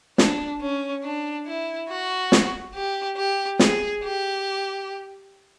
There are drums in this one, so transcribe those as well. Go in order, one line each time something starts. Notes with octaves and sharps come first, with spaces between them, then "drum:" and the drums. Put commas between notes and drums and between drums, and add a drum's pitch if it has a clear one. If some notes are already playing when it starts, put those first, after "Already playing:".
D4, drum: snare
C#4
D4
E4
F#4
drum: snare
G4
G4
G#4, drum: snare
G4